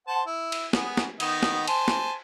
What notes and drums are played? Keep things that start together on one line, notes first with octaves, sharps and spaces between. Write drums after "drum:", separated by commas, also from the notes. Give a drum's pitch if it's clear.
C5 F#5 A5
E4
drum: cymbal
B3 G#4, drum: snare
drum: snare
D#3 B3 D#4, drum: cymbal
drum: snare
C5 G#5 A5, drum: cymbal
drum: snare